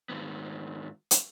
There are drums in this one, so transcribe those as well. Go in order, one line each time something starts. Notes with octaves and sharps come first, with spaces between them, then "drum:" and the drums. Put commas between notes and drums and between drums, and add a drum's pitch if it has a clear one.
G#2 D#3 B3
drum: hi-hat